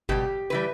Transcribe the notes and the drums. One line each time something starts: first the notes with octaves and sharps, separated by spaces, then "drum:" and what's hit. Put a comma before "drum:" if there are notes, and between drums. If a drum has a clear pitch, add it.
B2 G3 G4, drum: kick G1
E3 G3 B4